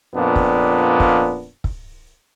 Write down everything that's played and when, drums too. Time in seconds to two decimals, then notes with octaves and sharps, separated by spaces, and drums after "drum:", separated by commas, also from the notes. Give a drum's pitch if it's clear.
0.14 F2 A#2 B3 D4
0.36 drum: kick
1.00 drum: kick
1.64 drum: kick